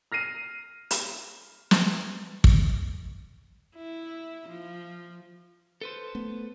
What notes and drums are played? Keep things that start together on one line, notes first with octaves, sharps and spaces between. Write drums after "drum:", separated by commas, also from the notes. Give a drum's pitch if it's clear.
F6 A#6 C7 D#7
drum: hi-hat
drum: snare
drum: kick
E4
F3
A4 B4 C5
A3 B3